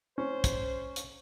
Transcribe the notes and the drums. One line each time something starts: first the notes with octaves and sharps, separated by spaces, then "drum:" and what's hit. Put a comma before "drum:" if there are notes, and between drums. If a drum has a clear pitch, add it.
C#4 C5
drum: kick, hi-hat
drum: hi-hat